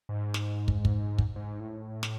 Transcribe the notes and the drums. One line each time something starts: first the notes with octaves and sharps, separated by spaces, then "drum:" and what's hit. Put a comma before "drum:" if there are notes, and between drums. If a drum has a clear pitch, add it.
G#2
drum: snare
drum: kick
drum: kick
drum: kick
G#2
A2
drum: snare